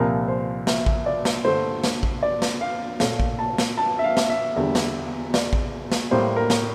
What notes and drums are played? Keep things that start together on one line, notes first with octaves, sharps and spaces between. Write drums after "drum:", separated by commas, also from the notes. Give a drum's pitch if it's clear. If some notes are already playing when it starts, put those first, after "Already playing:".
Already playing: C2 A#2 F3 A#4
C5
E5, drum: snare
drum: kick A1
D5
drum: snare
G2 D3 A3 C5
drum: snare
drum: kick A1
D5
drum: snare
F5
A#2 A3 F5, drum: snare
drum: kick A1
A5
drum: snare
A5
E5
F5
drum: snare
E5
E2 D3 G3
drum: snare
D5, drum: snare
drum: kick A1
drum: snare
A2 G3 A#3 C5
A#4
drum: snare